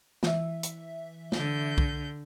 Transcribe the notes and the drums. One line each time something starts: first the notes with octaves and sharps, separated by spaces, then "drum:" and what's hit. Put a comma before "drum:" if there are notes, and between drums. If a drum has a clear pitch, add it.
E3 E5, drum: snare
drum: hi-hat
D3 G6, drum: snare
drum: kick B1